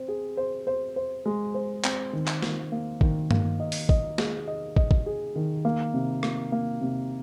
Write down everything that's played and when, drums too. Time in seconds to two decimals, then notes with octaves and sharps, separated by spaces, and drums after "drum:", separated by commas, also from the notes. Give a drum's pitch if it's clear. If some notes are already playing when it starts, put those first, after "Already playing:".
Already playing: C4 C5
0.08 G#4
0.37 C5
0.67 C5
0.96 C5
1.26 G#3
1.54 C5
1.84 C4, drum: clap
2.13 D#3
2.27 drum: clap
2.42 D#3, drum: snare
2.72 A#3
3.01 D#3, drum: kick
3.31 A#3, drum: tom G2
3.60 D#5
3.72 drum: open hi-hat
3.89 D#5, drum: kick
4.18 G#4, drum: snare
4.47 D#5
4.76 D#5, drum: kick
4.91 drum: kick
5.06 G#4
5.36 D#3
5.65 A#3
5.94 C3
6.23 A#3, drum: rim click
6.52 A#3
6.81 C3